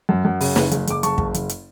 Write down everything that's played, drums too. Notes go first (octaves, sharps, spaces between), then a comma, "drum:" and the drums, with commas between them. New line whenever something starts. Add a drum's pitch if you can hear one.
F#2
F#2
C#3, drum: open hi-hat
F#1, drum: snare
F#1, drum: hi-hat
F#1 D6, drum: hi-hat
F#1 A5 C#6, drum: hi-hat
F#1, drum: kick
F#1, drum: hi-hat
drum: hi-hat